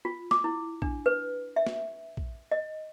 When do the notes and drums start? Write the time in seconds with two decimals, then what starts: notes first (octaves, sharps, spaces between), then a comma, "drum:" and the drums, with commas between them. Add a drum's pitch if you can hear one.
0.05 F4
0.31 D6, drum: snare
0.44 E4
0.82 D4, drum: kick
1.06 B4
1.56 E5
1.67 drum: snare
2.17 drum: kick
2.52 D#5